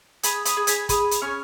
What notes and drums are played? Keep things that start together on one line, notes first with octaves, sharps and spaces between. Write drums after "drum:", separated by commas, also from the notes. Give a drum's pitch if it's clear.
G#4 B5 D#6, drum: hi-hat
B5 D#6, drum: hi-hat
G#4
G#5 B5, drum: hi-hat
G#4 B5 D#6, drum: kick, hi-hat
drum: hi-hat
C#4 C#6 F6